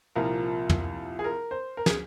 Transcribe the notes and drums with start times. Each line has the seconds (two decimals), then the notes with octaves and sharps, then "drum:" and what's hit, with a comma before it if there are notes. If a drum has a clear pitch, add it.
0.15 C2 A#2 F3 A#4
0.69 drum: tom
1.19 G#4
1.24 A#4
1.51 C5
1.77 A#4
1.86 G#4, drum: snare